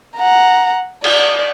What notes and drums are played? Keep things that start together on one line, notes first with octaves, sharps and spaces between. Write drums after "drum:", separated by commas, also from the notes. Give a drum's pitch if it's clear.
F#5 A#5
D5, drum: cymbal